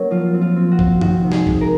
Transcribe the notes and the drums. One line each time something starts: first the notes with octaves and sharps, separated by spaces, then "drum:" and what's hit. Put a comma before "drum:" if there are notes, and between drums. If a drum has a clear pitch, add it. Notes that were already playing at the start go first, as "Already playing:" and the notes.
Already playing: F#3 A#3 C#4 C#5
F3 F4
C4
F4
C4
F#4
C4, drum: kick
D#3 F#4, drum: tom F#2
C3
G#4, drum: snare
G#3, drum: kick
A#4